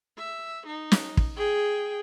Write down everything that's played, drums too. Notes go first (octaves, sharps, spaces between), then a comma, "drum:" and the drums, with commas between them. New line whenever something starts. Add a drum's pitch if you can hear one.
E5
D#4
drum: snare
drum: kick
G#4 G5